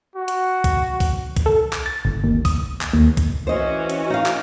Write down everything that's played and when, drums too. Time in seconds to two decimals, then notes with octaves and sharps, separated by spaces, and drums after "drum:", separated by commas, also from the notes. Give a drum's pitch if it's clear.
0.16 F#4
0.28 drum: hi-hat
0.64 drum: kick B1, hi-hat
1.00 drum: kick B1, open hi-hat
1.37 drum: kick B1, hi-hat
1.46 A4
1.73 drum: clap
1.86 A6
2.05 G1
2.24 D#2
2.45 D#6, drum: kick B1, open hi-hat
2.81 drum: clap
2.93 D#2
3.17 drum: kick B1, hi-hat
3.47 E3 C#4 F#4 C5 D#5
3.90 drum: hi-hat
4.10 D#4 F5
4.26 drum: clap